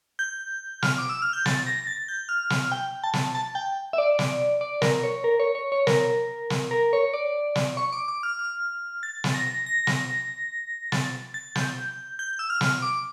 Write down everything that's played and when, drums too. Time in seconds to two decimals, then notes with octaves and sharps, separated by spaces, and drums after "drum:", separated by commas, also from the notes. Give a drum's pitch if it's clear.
0.19 G6
0.82 F6, drum: snare
0.98 D6
1.09 E6
1.22 F6
1.33 G6
1.46 A6, drum: snare
1.66 A#6
1.87 A6
2.08 G6
2.29 F6
2.50 F6, drum: snare
2.72 G5
3.04 A5
3.13 drum: snare
3.35 A5
3.55 G5
3.93 E5
3.98 D5
4.19 drum: snare
4.61 D5
4.82 A#4, drum: snare
5.04 C#5
5.24 A#4
5.40 C#5
5.55 C#5
5.72 C#5
5.87 A#4, drum: snare
6.50 drum: snare
6.71 A#4
6.93 C#5
7.14 D5
7.55 drum: snare
7.77 C#6
7.92 D6
8.08 D6
8.23 F6
8.39 F6
9.03 A6
9.24 drum: snare
9.35 A#6
9.66 A#6
9.87 drum: snare
10.92 A6, drum: snare
11.34 A6
11.55 G6, drum: snare
12.19 G6
12.39 E6
12.50 F6
12.61 drum: snare
12.82 D6